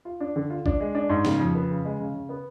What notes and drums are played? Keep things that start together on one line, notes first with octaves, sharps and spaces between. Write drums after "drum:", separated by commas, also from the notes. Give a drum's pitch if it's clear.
F4
D4
D3
F4
D4, drum: kick A1
G#3
D4
G#2
C#3, drum: snare
F2
B3
C#3
G#3
C#3
C#3
B3